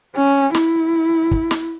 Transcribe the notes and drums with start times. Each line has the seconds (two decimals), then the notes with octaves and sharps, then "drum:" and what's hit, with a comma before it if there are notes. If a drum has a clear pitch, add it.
0.16 C#4
0.55 E4, drum: snare
1.31 drum: kick
1.51 drum: snare